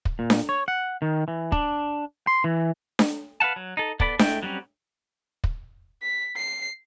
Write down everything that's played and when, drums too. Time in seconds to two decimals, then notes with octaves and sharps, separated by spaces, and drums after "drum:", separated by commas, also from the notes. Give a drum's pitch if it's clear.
0.05 drum: kick
0.19 A#2
0.30 drum: snare D4
0.49 C#5
0.68 F#5
1.02 D#3
1.28 E3
1.52 D4, drum: kick
2.27 C6
2.44 E3
2.99 drum: snare D4
3.40 B4 F5 F#5 A5
3.56 F#3
3.77 D#4 A4
4.00 B3 A4 D5 B5, drum: kick
4.19 G#3 A3 E4 G5, drum: snare D4
4.43 F#3 G3 C4 C#4
5.44 drum: kick
6.02 B6
6.37 C7